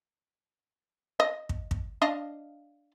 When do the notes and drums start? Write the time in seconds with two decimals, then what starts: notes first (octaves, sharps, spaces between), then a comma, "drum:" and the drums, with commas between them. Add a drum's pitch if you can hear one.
1.20 D#5
1.49 drum: kick
1.71 drum: kick
2.02 D4 D#5 F5